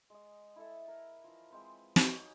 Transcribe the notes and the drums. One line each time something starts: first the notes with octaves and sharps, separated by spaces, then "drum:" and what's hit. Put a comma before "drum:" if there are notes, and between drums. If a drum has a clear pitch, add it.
G#3 D#5
E4 A4 E5
A#4
E3 F3
G#3 C4 B4
D#4 F#4 G#4 C#5, drum: snare